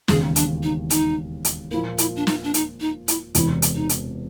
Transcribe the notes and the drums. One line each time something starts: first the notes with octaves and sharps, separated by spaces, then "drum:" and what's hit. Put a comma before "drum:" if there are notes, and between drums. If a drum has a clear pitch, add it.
E1 D#2 C#3 G#4, drum: snare
D4, drum: hi-hat
D#4
D#4, drum: hi-hat
drum: hi-hat
A#2 F3 A#3 E4
E4, drum: hi-hat
D4
D#4, drum: snare
D4
D#4, drum: hi-hat
D#4
E4, drum: hi-hat
E1 E2 C3 E4, drum: hi-hat
drum: hi-hat
D#4
drum: hi-hat